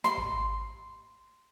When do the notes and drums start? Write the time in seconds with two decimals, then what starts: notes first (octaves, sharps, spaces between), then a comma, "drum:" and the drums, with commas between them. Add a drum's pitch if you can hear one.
0.04 C6, drum: snare
0.18 drum: kick G#1